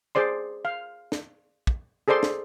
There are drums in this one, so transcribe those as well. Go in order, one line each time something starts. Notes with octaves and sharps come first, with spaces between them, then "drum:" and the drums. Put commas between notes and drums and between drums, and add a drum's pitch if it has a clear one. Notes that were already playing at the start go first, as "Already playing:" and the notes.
G#4 C5 D5 C6
F5
drum: snare
drum: kick
G#4 A4 C5 D5 C6
drum: snare